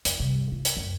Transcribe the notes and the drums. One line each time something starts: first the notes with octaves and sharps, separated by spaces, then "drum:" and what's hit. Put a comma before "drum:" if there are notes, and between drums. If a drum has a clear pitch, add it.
F2, drum: hi-hat
G2 C3
F4
drum: hi-hat
F#2